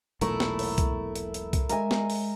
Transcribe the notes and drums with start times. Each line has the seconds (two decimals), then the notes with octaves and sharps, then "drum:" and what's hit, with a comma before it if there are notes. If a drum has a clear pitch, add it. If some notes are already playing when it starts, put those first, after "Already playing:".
0.21 E1 B1 A#2 A3 E4 A#4 C#6, drum: hi-hat
0.40 drum: snare
0.59 drum: open hi-hat
0.78 drum: kick C2, hi-hat
1.16 drum: hi-hat
1.34 drum: hi-hat
1.53 drum: kick C2, hi-hat
1.70 G#3 A#4 E5 G#5, drum: hi-hat
1.91 drum: snare
2.10 drum: open hi-hat